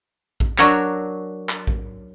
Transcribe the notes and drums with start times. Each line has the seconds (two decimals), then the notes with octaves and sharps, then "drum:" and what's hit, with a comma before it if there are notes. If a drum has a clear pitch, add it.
0.40 drum: kick A#1
0.58 F#3 D4 F#4 A#4 C#5, drum: clap
1.49 drum: clap
1.67 drum: kick A#1